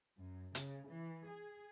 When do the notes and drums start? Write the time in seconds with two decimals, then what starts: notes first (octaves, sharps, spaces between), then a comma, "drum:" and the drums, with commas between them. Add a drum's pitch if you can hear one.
0.17 F#2
0.55 C#3, drum: hi-hat
0.86 E3
1.27 G#4